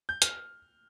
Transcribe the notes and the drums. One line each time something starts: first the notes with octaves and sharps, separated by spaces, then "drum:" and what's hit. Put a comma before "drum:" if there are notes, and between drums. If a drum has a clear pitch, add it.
G6
F6, drum: hi-hat